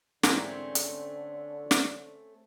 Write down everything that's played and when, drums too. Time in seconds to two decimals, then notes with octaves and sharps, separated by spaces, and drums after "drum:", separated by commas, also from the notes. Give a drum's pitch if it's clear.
0.23 G#2 D3 E3 A3 A#3 C4 C#4, drum: snare
0.75 drum: hi-hat
1.71 drum: snare